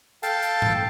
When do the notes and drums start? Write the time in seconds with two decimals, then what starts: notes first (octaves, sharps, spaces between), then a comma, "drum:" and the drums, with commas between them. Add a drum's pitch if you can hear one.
0.23 A4 F5 G5 A5, drum: hi-hat
0.43 drum: hi-hat
0.62 drum: tom G2